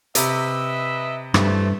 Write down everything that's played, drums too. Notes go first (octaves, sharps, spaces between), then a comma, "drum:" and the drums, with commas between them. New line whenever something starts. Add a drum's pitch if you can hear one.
C3 B4 D#5 E5, drum: hi-hat
G2 C3 E3 A3, drum: rim click